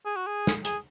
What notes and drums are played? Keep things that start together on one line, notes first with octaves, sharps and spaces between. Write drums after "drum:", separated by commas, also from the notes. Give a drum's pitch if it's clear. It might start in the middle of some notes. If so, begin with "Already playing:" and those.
G#4
F#4
G#4
drum: snare
G#4, drum: hi-hat